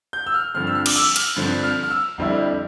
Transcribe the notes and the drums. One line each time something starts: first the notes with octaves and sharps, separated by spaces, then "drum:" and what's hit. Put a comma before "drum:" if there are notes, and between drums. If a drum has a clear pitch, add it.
G6
E6
F6
G2 D3 F3 C4 F6
E6
F6
D6, drum: cymbal
E6
F6, drum: cymbal
G2 D3 F3 C4
F6
F6
E6
F2 D3 G3 C4 E4